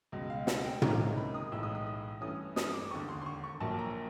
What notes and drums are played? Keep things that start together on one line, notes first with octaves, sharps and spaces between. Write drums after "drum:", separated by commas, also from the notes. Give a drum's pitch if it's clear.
C#2 B2 G#3 D#5
F5
F#5, drum: snare
G5
C2 C3 D#3 G#3 C#4 A#5, drum: tom
A#5
B5
D#6
B1 A2 E3 G#3 E6
D#6
D#6
D#6
G2 E3 A3 C#4 D#6
D#6, drum: snare
D6
E1 D#2 D3 C#6
C6
C6
C#6
C#6
A#1 A#2 F#3 A#3 A5
A#5